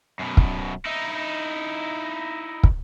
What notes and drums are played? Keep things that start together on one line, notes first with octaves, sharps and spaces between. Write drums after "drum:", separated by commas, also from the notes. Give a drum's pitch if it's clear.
F#2 B2
drum: kick
D#4 E4
drum: kick